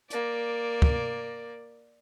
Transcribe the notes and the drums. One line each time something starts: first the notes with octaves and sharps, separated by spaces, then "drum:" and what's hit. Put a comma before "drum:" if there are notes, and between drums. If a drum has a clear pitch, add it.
A#3 D5, drum: hi-hat
drum: kick